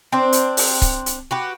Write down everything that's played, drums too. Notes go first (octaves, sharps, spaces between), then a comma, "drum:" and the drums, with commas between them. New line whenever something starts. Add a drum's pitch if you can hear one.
C4 D4 C5
drum: hi-hat
drum: open hi-hat
drum: kick C#1, hi-hat
drum: hi-hat
F#4 G4 B4